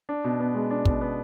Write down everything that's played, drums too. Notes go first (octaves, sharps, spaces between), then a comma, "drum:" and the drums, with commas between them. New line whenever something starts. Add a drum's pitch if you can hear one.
D4
B2
B3
G#3
D4
B2, drum: kick
B3